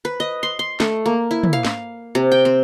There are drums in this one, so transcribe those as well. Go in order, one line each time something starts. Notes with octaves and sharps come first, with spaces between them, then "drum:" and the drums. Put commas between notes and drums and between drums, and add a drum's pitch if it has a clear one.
B4
D#5
C6
C6
A3, drum: snare
A#3
E4
drum: tom
F5
drum: snare
C3
G5
C4